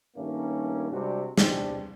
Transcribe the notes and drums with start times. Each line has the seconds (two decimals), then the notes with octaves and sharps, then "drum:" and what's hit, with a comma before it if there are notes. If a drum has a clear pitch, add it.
0.16 G2 D#3 A3 A#3 C#4
0.91 C3 G3 G#3 D4 F#4
1.38 E2 C3 C4 D4, drum: snare